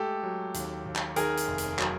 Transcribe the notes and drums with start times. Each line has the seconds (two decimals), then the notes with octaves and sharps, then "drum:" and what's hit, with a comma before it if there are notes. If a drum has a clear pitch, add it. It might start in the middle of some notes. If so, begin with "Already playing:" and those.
Already playing: G#3 A3 G4 A4
0.23 F#3
0.54 D#2, drum: hi-hat
0.86 D#2
0.96 drum: clap
1.16 D#3 G#4 A#4, drum: hi-hat
1.37 drum: hi-hat
1.47 F1
1.58 drum: hi-hat
1.79 F#3, drum: clap